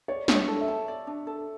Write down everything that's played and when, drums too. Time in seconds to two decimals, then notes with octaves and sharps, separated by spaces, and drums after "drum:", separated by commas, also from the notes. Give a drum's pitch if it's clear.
0.08 C#5 D5
0.28 D4, drum: snare
0.34 C#5
0.48 A4
0.61 E5
0.68 A5
0.88 D5
1.07 D4
1.27 A4